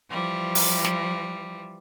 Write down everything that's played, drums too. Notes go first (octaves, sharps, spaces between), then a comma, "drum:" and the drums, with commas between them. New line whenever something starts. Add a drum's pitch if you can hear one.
E3 F3 G3
drum: open hi-hat
drum: snare